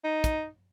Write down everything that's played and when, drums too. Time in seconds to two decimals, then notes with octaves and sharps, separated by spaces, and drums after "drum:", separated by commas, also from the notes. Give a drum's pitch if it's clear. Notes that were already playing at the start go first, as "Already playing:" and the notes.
0.04 D#4
0.24 drum: kick, hi-hat